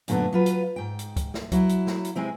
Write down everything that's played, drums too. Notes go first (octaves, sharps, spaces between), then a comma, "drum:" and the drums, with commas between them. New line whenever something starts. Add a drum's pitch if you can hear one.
F#2 A#2 D3 A3 B3, drum: hi-hat
F#3 F4 B4
drum: hi-hat
G#2 G5
drum: hi-hat
drum: kick, hi-hat
drum: snare
F#3 E4, drum: kick, hi-hat
drum: hi-hat
drum: snare
drum: hi-hat
C3 G#3 C4 E4